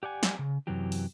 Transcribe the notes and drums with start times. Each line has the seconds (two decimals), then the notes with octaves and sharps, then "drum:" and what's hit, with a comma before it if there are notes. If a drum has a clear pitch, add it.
0.03 G4 D5 F#5 G#5
0.23 drum: snare
0.39 C#3
0.67 F#2 C3 E3 F#3 G4
0.92 drum: open hi-hat